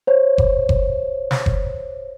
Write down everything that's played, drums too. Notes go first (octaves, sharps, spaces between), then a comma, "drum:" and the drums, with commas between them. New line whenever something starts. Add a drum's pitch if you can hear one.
C5 C#5
drum: kick F#1
drum: kick F#1
drum: snare
drum: kick F#1